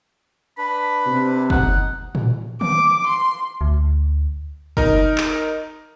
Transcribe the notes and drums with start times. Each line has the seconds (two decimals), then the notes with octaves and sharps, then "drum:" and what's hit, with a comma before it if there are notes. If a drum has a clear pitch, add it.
0.58 D4 B4 B5
1.06 C3
1.50 D#4 F#5, drum: kick
2.15 drum: tom A2
2.61 D6, drum: tom D3
3.07 C6
3.61 D2
4.77 D#4 A#4, drum: kick
5.18 drum: clap